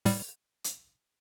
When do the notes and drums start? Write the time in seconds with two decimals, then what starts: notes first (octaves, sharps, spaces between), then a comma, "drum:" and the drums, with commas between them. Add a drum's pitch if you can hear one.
0.05 A2 G3, drum: open hi-hat
0.64 drum: hi-hat